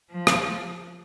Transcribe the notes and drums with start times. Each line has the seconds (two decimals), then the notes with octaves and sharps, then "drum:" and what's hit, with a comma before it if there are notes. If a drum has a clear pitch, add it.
0.11 F3
0.27 drum: rim click